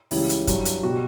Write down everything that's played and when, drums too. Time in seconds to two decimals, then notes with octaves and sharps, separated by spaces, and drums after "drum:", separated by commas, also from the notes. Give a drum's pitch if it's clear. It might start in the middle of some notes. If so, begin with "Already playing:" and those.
0.11 C#2 C#3 E3 G3 E4, drum: open hi-hat
0.29 drum: hi-hat
0.47 G2 F#3, drum: kick, hi-hat
0.65 drum: hi-hat
0.83 B2 G3 F#4